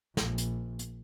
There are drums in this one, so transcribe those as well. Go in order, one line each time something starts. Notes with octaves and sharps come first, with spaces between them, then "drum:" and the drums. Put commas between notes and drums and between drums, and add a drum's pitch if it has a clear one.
A#1, drum: snare
drum: hi-hat
drum: hi-hat